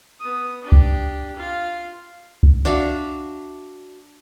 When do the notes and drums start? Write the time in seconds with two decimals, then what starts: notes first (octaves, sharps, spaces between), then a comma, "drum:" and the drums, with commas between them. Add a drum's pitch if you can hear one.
0.20 B3 D#6
0.62 D4 G4
0.72 drum: kick
1.36 F4 F5
2.43 drum: kick
2.65 D4 F#4 E5 F5